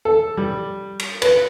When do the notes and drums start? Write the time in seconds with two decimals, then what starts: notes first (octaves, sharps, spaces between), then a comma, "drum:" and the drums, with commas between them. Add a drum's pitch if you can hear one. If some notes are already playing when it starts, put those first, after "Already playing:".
0.05 A4
0.37 G3
0.99 drum: cymbal
1.22 B4, drum: cymbal